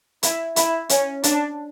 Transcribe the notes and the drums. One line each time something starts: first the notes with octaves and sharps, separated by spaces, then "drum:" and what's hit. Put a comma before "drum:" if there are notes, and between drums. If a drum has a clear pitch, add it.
E4, drum: hi-hat
E4, drum: hi-hat
C#4, drum: hi-hat
D4, drum: hi-hat